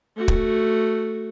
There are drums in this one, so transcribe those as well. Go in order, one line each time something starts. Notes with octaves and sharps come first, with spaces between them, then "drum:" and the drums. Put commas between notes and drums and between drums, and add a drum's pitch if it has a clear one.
A3 F#4
drum: kick